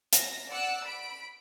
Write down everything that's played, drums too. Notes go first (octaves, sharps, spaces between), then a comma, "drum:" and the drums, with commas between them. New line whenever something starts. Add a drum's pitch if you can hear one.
A#6, drum: hi-hat
D5 F#5 E6 F#6
B5 D7